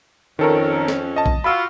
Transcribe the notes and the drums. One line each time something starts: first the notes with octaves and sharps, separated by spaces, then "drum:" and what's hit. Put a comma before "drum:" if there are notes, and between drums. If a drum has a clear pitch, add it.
F2 D#3 C#4 A4 A#4
drum: snare
D#5 A5
drum: kick
F4 F#4 B5 E6